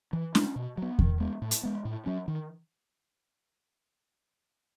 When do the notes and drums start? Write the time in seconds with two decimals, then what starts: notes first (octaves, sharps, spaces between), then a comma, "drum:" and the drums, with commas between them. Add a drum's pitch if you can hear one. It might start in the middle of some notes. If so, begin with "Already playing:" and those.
0.13 E3
0.35 G#3 C#4, drum: snare
0.56 B2
0.78 F#3 B3
0.99 D#3, drum: kick E2
1.20 G#3 B3
1.42 A2
1.51 drum: hi-hat
1.63 G#3 B3
1.85 A2
2.06 F#3 C#4
2.28 D#3